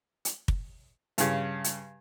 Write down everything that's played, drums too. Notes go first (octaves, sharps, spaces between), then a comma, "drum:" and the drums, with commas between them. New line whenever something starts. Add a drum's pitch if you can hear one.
drum: hi-hat
drum: kick
G2 C#3, drum: hi-hat
drum: hi-hat